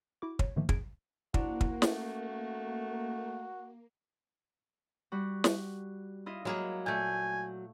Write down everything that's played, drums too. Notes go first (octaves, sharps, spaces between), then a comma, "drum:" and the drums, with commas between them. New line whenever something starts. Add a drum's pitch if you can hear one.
E4 F#4 D6
C#5, drum: kick
G#2 D3 D#3 F3 A3 A#3
F#2 G#4 G#6 D7, drum: kick
A#3 D4 E4 F#4 C5, drum: kick
drum: kick
A3 C#4, drum: snare
G3 F#4
drum: snare
E4 F4 D#5
F#3 G#3 A#3 E4 G#4
A#2 A3 G#5 G6